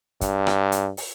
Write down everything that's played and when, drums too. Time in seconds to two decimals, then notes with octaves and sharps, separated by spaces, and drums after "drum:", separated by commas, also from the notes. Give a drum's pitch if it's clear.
0.21 G2, drum: kick, hi-hat
0.47 drum: rim click
0.72 drum: hi-hat
0.97 drum: open hi-hat